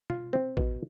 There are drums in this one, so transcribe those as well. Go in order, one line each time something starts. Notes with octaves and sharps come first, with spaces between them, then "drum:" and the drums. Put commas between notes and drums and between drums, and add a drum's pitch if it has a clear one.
F4, drum: tom B2
C4
B2, drum: kick A1